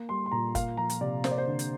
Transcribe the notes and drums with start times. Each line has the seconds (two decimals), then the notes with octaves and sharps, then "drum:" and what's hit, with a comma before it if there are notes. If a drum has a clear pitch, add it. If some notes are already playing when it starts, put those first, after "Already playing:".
Already playing: A#3
0.09 G3 C6
0.26 C6
0.31 A#2 A#5
0.55 A#3 F5, drum: kick G1, hi-hat
0.77 F3 A#5
0.90 drum: hi-hat
1.01 C3 D5
1.24 A#3 C5, drum: snare
1.31 D5
1.38 C5
1.48 D3
1.59 drum: hi-hat